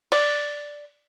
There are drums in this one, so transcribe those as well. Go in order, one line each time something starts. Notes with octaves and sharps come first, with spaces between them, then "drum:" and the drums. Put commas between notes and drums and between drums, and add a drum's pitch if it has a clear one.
D5, drum: open hi-hat